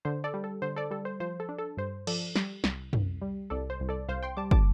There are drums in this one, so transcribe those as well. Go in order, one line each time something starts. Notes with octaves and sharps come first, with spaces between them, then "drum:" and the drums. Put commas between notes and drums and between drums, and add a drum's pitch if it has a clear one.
D3 C5
A4 D5
G3
A4
D3 C5
A4 D5
G3 A4
C5
F3 C5
A4
D4
A4
G2 C5
F3 A4 D5, drum: cymbal
G3, drum: snare
C2, drum: snare
C2, drum: tom
G3
C2 A4 D5
C5
C2
A4 D5
C2 C5 F5
G5 C6
G3 A5 D6
A5 D6, drum: kick